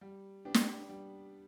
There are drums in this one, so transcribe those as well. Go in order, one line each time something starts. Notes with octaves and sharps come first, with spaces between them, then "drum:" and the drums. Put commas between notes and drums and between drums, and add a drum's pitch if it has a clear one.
G3
B3 D4 G4
drum: snare
G3